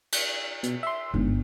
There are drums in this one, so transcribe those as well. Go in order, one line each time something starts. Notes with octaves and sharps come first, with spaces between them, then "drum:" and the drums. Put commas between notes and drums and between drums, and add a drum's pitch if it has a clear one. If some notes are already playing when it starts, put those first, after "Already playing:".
drum: cymbal
B2, drum: hi-hat
E5 C6
G1 G#2